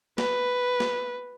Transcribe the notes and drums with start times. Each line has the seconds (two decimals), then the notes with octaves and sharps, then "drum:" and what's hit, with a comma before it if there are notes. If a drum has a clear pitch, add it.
0.18 B4, drum: snare
0.80 drum: snare